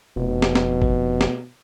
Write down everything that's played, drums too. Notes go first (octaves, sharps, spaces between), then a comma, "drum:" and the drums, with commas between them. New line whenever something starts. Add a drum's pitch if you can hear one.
F1 B2
drum: snare
drum: snare
drum: kick G#1
drum: snare